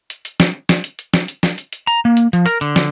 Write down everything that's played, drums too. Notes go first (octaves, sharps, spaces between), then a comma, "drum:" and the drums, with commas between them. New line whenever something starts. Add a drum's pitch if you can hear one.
drum: hi-hat
drum: hi-hat
drum: snare
drum: snare
drum: hi-hat
drum: hi-hat
drum: snare
drum: hi-hat
drum: snare
drum: hi-hat
drum: hi-hat
A#5, drum: hi-hat
A#3
drum: hi-hat
F3, drum: hi-hat
A#4, drum: hi-hat
D3, drum: hi-hat
drum: snare